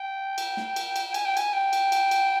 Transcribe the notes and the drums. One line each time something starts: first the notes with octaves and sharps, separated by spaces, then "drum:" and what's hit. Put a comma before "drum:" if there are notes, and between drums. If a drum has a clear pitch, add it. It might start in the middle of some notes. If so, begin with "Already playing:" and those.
Already playing: G5
drum: cymbal
drum: snare
drum: cymbal
drum: cymbal
G#5, drum: cymbal
G5
G#5, drum: cymbal
G5
drum: cymbal
drum: cymbal
drum: cymbal